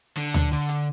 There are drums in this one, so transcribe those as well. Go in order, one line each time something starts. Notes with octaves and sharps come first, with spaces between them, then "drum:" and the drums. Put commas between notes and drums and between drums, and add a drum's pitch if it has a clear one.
D3
drum: tom D2
D3
drum: hi-hat